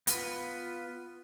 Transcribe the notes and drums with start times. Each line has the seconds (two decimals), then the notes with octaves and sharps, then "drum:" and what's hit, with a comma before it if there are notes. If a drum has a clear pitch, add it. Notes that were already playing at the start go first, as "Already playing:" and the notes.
0.07 B3 F4 B4, drum: hi-hat